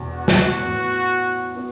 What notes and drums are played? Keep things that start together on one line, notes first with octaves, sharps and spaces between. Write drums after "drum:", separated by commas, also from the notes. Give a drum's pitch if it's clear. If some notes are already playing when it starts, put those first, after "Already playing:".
Already playing: E1 E2 B2
F#4
drum: snare
A2 E3 B3
B3 F#4